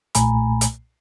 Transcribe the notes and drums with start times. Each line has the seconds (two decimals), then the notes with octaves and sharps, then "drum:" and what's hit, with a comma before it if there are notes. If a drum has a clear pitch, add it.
0.15 B1 A#2 A3 G#5 A#5 B5, drum: hi-hat
0.61 drum: hi-hat